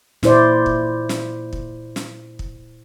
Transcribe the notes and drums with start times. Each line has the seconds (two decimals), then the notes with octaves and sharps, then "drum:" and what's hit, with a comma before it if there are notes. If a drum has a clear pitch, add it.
0.23 A#2 E4 C5 D5, drum: snare
0.66 drum: kick
1.09 drum: snare
1.53 drum: kick
1.96 drum: snare
2.39 drum: kick